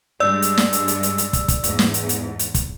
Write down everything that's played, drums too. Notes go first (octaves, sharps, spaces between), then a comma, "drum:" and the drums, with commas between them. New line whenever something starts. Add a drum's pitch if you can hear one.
G2 G#3 D4 D5 E6
drum: hi-hat
drum: snare
drum: hi-hat
drum: hi-hat
drum: hi-hat
drum: hi-hat
drum: kick, hi-hat
drum: kick, hi-hat
E2 G#2, drum: hi-hat
drum: snare
drum: hi-hat
drum: hi-hat
drum: hi-hat
drum: kick, hi-hat